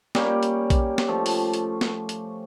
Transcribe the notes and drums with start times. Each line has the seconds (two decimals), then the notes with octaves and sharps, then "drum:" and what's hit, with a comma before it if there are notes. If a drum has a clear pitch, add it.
0.15 G3 A#3 C#4 G4, drum: snare
0.43 drum: hi-hat
0.70 drum: kick A#1, hi-hat
0.98 drum: snare
1.08 F3 A3
1.26 drum: open hi-hat
1.54 drum: hi-hat
1.81 drum: snare
2.09 drum: hi-hat